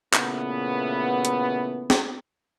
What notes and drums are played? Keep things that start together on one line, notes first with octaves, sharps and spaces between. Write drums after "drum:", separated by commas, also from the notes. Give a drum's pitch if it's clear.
A#2 C#3 E3 A3 B3, drum: clap
drum: hi-hat
drum: snare